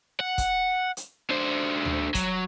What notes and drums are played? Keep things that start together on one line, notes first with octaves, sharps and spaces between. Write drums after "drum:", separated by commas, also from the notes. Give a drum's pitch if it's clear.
F#5
drum: kick, hi-hat
drum: hi-hat
D3 C5
drum: tom D2
F#3, drum: kick, hi-hat